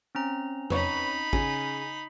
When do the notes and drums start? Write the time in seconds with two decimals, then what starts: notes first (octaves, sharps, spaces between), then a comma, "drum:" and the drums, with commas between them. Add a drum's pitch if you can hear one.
0.15 C4 C#4 A#5
0.70 D#4 B4 C#5 B5, drum: tom E2
1.33 C#3 G#5, drum: kick